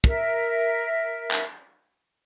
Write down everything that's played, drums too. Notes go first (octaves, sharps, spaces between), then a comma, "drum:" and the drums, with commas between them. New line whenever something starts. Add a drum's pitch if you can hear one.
A#4 E5, drum: kick
drum: clap